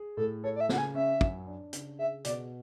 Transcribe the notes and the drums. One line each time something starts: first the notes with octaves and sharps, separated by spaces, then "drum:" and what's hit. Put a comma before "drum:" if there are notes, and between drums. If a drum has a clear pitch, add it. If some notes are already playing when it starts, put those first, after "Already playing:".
Already playing: G#4
A2 A4
A4 C#5
D5
E5
C#3 F#5, drum: snare
G#5
C#4 E5
F#2, drum: kick
D4
C#3, drum: hi-hat
G#4 E5
B2 D5, drum: hi-hat